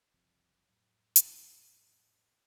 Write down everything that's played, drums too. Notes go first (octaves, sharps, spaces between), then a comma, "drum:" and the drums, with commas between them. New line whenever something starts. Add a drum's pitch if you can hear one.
F#1 C2 F3 C4
F2 A2 F#3
drum: hi-hat